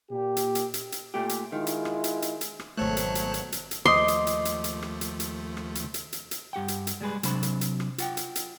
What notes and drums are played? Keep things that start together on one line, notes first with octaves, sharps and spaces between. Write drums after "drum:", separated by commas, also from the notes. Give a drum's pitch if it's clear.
A#2 G4
drum: hi-hat
drum: hi-hat
drum: hi-hat
drum: hi-hat
A#2 A3 G4
drum: hi-hat
D#3 G#3 E4 F4
drum: hi-hat
drum: rim click
drum: hi-hat
drum: hi-hat
drum: hi-hat
drum: rim click
G#1 B2 F#3 A3 C5 C#5 A5 F#6
drum: hi-hat
drum: hi-hat
drum: hi-hat
drum: hi-hat
drum: hi-hat
D#2 F3 A3 C5 D#5 C6 D6 D#6
drum: hi-hat
drum: hi-hat
drum: hi-hat
drum: hi-hat
drum: rim click
drum: hi-hat
drum: hi-hat
drum: rim click
drum: hi-hat
drum: hi-hat
drum: hi-hat
drum: hi-hat
G2 G4 F#5 G5
drum: hi-hat
drum: hi-hat
G3 G#3 G#4 B4
C3 F#3 D4 C5 B5, drum: hi-hat
drum: hi-hat
drum: hi-hat
drum: rim click
F4 F#5 G5, drum: hi-hat
drum: hi-hat
drum: hi-hat